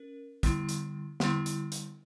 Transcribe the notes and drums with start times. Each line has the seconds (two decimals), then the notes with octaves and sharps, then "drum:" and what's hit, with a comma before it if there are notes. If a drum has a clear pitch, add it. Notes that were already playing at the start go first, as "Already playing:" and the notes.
Already playing: C#4 A#4
0.43 D3 G3 B3 E4, drum: kick, hi-hat
0.69 drum: hi-hat
1.20 D3 G3 B3 E4, drum: snare
1.46 drum: hi-hat
1.72 drum: hi-hat